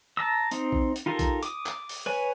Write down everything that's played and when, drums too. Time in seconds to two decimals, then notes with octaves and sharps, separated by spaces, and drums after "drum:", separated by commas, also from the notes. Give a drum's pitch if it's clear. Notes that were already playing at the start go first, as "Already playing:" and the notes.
0.17 A5 A#5 E6
0.51 C4 D#4, drum: hi-hat
0.72 drum: kick A#1
0.96 drum: hi-hat
1.06 D#4 F4 G4 A4 A#4
1.19 drum: kick A#1, hi-hat
1.43 D6 D#6, drum: hi-hat
1.66 drum: clap
1.89 drum: open hi-hat
2.06 B4 C#5 G#5